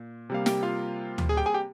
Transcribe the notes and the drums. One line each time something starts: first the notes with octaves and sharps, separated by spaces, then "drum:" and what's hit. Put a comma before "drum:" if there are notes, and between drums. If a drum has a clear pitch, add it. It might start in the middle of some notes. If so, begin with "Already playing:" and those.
Already playing: A#2
C3 G3 A#3 F5
G4 G5, drum: snare
F4 F5
drum: tom
G#4 G#5
G4 G5
G#4 G#5
G4 G5